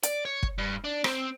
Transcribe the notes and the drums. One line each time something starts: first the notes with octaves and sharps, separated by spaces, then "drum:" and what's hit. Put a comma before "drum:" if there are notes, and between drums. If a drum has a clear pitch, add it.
D5, drum: hi-hat
C#5
drum: kick
G2
D4
C4, drum: rim click